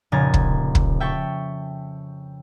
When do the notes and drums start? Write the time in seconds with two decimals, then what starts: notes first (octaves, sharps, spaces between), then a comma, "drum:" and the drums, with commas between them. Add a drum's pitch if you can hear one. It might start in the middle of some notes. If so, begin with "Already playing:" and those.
0.12 F1 A#2 C#3 G#5 A#5 A6
0.34 drum: kick
0.75 drum: kick
1.00 E5 G5 A5 C#6